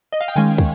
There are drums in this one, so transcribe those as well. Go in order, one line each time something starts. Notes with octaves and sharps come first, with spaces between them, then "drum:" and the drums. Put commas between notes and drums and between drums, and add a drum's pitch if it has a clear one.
D#5
F5
G5
D#3 G#3 C#4 G#5
drum: kick